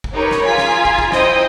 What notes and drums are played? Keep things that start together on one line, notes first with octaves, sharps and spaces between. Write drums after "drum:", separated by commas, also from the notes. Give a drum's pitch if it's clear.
drum: kick
D#4 G4 A#4 B4 C#5
drum: snare
F4 G#4 G#5 A#5 G#6 B6
drum: snare
drum: kick
drum: kick
E4 C5 D#5 G5 D#6, drum: snare